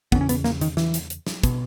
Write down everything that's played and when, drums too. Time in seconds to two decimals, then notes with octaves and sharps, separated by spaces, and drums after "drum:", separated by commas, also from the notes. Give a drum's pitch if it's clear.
0.12 E2 C#3 B3, drum: kick
0.21 C#4
0.29 B3, drum: hi-hat
0.44 A#3, drum: snare
0.61 D#3, drum: hi-hat
0.77 E3, drum: snare
0.94 drum: hi-hat
1.10 drum: hi-hat
1.27 drum: snare
1.43 B2, drum: kick, hi-hat